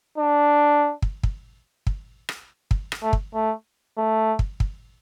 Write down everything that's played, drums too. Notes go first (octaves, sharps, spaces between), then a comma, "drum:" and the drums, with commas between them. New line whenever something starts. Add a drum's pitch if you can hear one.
D4
drum: kick
drum: kick
drum: kick
drum: rim click
drum: kick
drum: rim click
A3
drum: kick
A3
A3
drum: kick
drum: kick